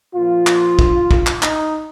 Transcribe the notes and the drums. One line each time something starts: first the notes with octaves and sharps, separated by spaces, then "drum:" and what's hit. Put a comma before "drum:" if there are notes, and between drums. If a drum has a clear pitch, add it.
A#2 F3 F4
drum: clap
drum: kick
drum: kick
drum: clap
D#4, drum: clap